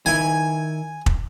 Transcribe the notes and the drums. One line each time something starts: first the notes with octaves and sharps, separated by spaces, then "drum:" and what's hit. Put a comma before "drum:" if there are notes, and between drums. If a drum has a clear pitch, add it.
D#3 E4 G#5
drum: kick